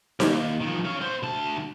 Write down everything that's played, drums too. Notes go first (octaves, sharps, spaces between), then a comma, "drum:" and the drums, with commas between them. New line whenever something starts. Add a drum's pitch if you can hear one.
D#2, drum: snare D#4
D#3 F3
C#5 F5
B3 C5
D2 A5